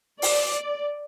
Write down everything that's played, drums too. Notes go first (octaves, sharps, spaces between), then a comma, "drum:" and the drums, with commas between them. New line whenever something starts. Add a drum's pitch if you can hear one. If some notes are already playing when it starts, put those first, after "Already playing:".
D5, drum: open hi-hat